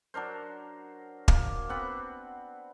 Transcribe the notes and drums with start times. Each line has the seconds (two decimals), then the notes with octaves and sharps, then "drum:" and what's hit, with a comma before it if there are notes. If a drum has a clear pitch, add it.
0.14 F#3 D4 A#4 C5
1.28 A#3, drum: kick
1.69 B3 C4 F#5 B5